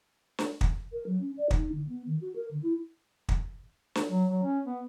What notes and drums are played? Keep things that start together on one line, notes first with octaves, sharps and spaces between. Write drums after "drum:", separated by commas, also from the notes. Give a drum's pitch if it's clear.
drum: snare
drum: kick
A#4
F#3
C#4
D5
D#4, drum: kick
D3
B3
D#3
F#4
A#4
D3
E4
drum: kick
drum: snare
F#3
F#3
C#4
B3